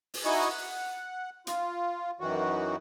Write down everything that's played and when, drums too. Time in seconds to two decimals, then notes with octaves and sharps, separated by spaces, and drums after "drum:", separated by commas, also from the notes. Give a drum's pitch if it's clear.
0.14 drum: open hi-hat
0.25 D#4 E4 F#4 D#5 G#5 C#6
0.50 F#5
1.47 F4, drum: hi-hat
2.20 F#2 D#3 E3 F#4